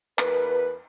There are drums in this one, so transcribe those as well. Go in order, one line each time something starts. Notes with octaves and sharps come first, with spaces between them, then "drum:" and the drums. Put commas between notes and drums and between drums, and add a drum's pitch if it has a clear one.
E2 A#4 B4, drum: clap